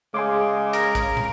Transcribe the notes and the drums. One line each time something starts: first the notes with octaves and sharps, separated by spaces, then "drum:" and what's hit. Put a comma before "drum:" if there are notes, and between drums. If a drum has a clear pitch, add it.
C#3 G#3 G#5 C6 D6
A#4, drum: hi-hat
drum: kick, hi-hat
drum: tom